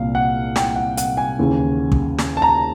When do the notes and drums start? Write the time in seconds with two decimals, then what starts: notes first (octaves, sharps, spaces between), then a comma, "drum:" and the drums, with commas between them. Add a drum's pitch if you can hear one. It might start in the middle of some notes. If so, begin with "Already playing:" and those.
Already playing: C2 A#2 F5
0.15 F#5
0.56 G5, drum: snare
0.76 F#5
0.97 F#5, drum: hi-hat
1.17 G#5
1.39 D#2 C#3 E3
1.92 drum: kick
2.19 drum: snare
2.37 A5
2.42 A#5